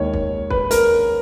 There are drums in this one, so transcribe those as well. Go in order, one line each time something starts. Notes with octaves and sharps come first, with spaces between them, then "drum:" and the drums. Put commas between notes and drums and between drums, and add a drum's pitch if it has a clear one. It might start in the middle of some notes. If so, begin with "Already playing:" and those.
Already playing: D#2 D#3 G#3 C#5
drum: kick
B4, drum: kick
A#4, drum: hi-hat